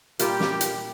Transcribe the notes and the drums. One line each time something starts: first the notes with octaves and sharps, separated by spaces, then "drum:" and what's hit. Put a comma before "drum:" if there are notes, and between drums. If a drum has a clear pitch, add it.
A#2 G3 A#3 F4 G4, drum: hi-hat
drum: snare
drum: hi-hat